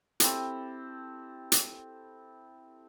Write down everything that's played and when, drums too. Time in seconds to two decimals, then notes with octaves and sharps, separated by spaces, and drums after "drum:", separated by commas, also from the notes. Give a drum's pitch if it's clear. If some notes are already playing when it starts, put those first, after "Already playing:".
0.20 C4 E4 G4 A4, drum: hi-hat
1.52 drum: hi-hat